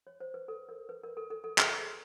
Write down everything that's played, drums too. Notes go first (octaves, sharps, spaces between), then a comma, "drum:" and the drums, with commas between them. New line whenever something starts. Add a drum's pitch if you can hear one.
C#5
C5
B4
A4
A#4
B4
A#4
A4
A4
A4
G#4, drum: clap